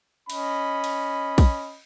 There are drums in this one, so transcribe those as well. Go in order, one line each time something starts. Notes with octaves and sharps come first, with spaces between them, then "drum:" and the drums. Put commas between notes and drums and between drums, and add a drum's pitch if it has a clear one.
C#4 D#5 B5, drum: cymbal
drum: cymbal
drum: kick, cymbal